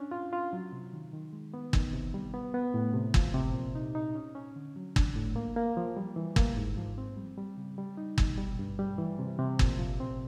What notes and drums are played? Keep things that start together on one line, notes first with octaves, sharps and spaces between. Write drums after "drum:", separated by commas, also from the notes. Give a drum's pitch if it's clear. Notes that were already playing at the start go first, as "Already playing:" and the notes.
Already playing: C#4 D4
F4
F4
F#3
C3
D#3
D#3
G#3
B3
D#3, drum: kick
C3
G3
B3
B3
A2
C3
F3, drum: kick
C3
A#2
D#4
D#4
C#4
C#4
D3
F#3
D4, drum: kick
A2
A#3
A#3
F3
G3
E3
A#3, drum: kick
G#2
F3
C4
G3
G3
C#3
G3
D#4
B2, drum: kick
G3
G2
G3
E3
C3
C3
A#2, drum: kick
F3
C4